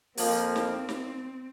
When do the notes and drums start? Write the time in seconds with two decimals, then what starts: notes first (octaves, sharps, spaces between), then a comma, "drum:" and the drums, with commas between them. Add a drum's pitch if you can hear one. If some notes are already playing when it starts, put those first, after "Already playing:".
0.17 F2 F3 A#3 C4, drum: open hi-hat
0.56 drum: snare
0.89 drum: snare